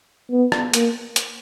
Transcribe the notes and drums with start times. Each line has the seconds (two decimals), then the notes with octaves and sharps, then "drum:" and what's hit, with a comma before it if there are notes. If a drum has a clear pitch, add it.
0.31 B3
0.52 drum: rim click
0.74 A#3, drum: hi-hat
1.16 drum: hi-hat